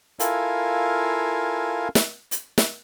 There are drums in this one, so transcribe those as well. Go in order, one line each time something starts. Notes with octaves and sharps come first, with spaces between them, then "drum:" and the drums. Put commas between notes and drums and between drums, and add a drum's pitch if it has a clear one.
E4 F4 A4 A#4 F5 G#5, drum: hi-hat
drum: snare
drum: hi-hat
drum: snare